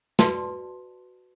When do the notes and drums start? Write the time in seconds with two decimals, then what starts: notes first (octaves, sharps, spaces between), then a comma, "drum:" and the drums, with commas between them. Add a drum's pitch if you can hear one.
0.19 F#4 B4 D5 A5 C6, drum: snare